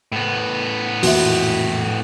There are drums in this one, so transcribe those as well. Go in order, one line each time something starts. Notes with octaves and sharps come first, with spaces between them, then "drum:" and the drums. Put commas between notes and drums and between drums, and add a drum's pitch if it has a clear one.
A2 B3
F2 A#2 E3 F#4 E5, drum: open hi-hat